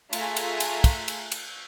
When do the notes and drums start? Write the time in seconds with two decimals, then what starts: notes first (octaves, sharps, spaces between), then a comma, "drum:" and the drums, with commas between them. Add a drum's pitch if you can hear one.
0.13 A3 F4 G#4 E5 G#5 A#5, drum: cymbal
0.37 drum: cymbal
0.60 drum: cymbal
0.84 drum: kick, cymbal
1.08 drum: cymbal
1.32 drum: cymbal